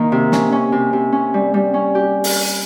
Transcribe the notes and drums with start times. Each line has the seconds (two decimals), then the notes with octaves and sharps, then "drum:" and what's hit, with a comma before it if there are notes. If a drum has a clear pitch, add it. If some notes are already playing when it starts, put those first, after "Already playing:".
Already playing: D#3 A#3
0.12 C3
0.32 C#4, drum: snare
0.52 C#4
0.72 C3
0.93 C3
1.12 C#4
1.34 G3
1.54 G3
1.74 C#4
1.95 G4
2.24 drum: open hi-hat